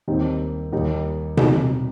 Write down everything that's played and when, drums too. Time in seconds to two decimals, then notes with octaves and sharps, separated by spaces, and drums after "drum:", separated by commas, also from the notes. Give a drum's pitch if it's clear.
0.08 D#2 D#3 G3 C4 D#4
0.73 D#2 D#3 G3 D#4
1.37 C3 G3 D#4, drum: tom B2